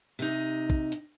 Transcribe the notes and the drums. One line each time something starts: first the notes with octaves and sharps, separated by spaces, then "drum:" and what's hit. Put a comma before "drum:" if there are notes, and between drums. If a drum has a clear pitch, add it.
C3 D#4
drum: kick
drum: hi-hat